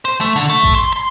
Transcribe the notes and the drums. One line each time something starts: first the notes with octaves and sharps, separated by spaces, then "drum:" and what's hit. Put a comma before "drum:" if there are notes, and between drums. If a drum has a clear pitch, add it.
C5
A3
D3
A3
drum: kick A1
C6
C6